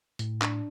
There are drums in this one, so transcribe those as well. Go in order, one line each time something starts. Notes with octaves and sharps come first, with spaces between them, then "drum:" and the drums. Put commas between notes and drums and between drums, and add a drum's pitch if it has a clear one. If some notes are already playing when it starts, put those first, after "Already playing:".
A2, drum: hi-hat
D4, drum: clap